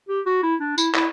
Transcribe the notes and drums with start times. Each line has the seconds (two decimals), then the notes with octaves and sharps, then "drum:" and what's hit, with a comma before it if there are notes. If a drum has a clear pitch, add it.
0.09 G4
0.26 F#4
0.43 E4
0.60 D4
0.78 E4, drum: tambourine
0.95 E4, drum: clap